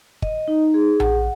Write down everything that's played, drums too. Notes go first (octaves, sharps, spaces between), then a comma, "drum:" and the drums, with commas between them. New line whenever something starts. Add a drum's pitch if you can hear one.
D#5, drum: kick G1
D#4
G#4
F#5, drum: tom A#1